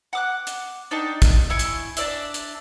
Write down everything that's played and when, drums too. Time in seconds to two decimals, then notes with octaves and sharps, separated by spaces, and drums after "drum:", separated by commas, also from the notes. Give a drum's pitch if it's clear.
0.13 F#5 D6 F#6
0.47 drum: hi-hat
0.91 D4 D#4 G5 A5
1.22 drum: kick, hi-hat
1.50 E4 G#5 C#6
1.59 drum: hi-hat
1.97 D4 D5 E5, drum: hi-hat
2.34 drum: hi-hat